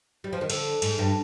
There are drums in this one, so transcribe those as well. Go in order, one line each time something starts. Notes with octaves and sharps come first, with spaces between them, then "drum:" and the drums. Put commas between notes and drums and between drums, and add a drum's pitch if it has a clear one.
G3
F3
D#3
D3, drum: cymbal
G#2, drum: cymbal
G2